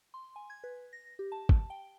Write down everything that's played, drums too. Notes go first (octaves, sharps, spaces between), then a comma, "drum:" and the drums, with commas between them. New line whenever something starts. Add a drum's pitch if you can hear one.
C6
G#5
G#6
B4
A#6
G4
A5
drum: kick
G5